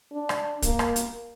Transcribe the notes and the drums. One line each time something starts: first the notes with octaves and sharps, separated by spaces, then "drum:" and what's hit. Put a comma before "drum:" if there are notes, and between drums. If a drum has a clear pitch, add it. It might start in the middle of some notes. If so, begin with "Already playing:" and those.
D4
drum: rim click
A#3, drum: kick, hi-hat
drum: rim click
drum: hi-hat